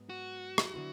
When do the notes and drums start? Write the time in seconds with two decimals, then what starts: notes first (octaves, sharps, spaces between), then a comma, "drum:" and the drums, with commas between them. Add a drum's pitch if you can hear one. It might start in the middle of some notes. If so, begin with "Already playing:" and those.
Already playing: G#2 F#3 B3
0.09 F#4
0.58 drum: rim click
0.74 D3 F#3 B3 E4